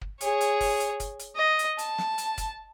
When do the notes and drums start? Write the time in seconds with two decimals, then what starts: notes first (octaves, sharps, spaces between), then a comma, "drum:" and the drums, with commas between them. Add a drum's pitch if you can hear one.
0.01 drum: kick
0.21 G#4 C#5, drum: hi-hat
0.41 drum: hi-hat
0.60 drum: kick, open hi-hat
0.80 drum: hi-hat
1.00 drum: kick, hi-hat
1.20 drum: hi-hat
1.36 D#5
1.59 drum: hi-hat
1.79 A5, drum: hi-hat
1.98 drum: snare
2.18 drum: hi-hat
2.38 drum: kick, hi-hat